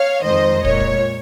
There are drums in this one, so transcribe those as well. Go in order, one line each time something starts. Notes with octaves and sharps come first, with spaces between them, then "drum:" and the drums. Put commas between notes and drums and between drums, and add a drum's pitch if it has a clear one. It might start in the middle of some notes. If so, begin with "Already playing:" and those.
Already playing: C#5 F5
F2 D#3 G#3 C5 D#5
A#2 G#3 C#5, drum: kick
drum: kick